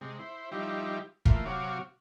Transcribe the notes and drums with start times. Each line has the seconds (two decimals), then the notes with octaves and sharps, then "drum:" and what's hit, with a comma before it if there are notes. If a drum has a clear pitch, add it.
0.01 C3 G#3
0.19 E4 C5
0.52 F3 G3 D#4 E4 G4
1.25 E3 A3 A#3 F4, drum: kick
1.45 C3 F#3 F#4 C#5 F5 D6